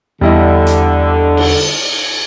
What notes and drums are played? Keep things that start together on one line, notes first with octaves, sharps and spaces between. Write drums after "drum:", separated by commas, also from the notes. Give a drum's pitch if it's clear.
E2 D3 G3 E4 D#5
drum: hi-hat
drum: cymbal